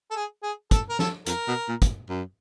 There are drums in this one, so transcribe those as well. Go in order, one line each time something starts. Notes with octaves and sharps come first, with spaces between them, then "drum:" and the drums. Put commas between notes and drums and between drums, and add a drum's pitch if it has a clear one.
A4
G#4
G#4
A4, drum: kick, hi-hat
A#4
A4, drum: snare
F2 A#4, drum: hi-hat
B2
A#2
drum: kick, hi-hat
F#2